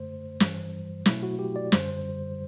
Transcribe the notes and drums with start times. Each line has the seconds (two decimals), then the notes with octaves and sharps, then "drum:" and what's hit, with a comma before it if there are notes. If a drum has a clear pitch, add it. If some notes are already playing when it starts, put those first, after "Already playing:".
Already playing: F#2 D3 A3 C5
0.40 G2 E3 G3, drum: snare
1.06 B2 F#3 A3 E4, drum: snare
1.23 F#4
1.39 G4
1.56 D5
1.72 F#2 D3 G3 C5, drum: snare